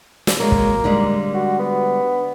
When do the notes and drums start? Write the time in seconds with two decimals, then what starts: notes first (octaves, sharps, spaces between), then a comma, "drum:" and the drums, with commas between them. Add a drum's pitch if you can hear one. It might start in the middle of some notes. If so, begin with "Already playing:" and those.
0.27 drum: snare
0.40 F#3 G#3 A#3
0.52 drum: kick
0.84 D3 G3 G#3
1.34 F#4
1.59 B3